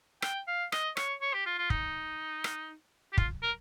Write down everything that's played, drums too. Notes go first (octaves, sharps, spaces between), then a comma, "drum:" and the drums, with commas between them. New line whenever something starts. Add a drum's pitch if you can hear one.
G5, drum: rim click
F5
D#5, drum: rim click
C#5, drum: rim click
C#5
G4
F4
F4
D#4, drum: kick
drum: rim click
G4
F4, drum: kick
A#4